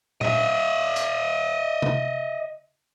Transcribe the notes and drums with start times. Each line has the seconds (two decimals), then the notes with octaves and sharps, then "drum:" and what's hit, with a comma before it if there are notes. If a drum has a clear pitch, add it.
0.21 D#5 E5, drum: tom A#2
0.96 drum: hi-hat
1.82 drum: tom C3